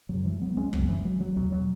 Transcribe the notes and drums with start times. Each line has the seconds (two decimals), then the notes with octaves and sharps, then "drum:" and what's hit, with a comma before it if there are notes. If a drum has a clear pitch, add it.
0.09 F#2 C#3 F#3
0.25 E3 G#3
0.41 F#3 B3
0.57 G#3 C#4
0.73 F#2 C#3 F#3 B3, drum: kick
0.89 E3 G#3
1.05 F#3
1.20 F#3
1.36 E2 B2 F#3
1.52 F#3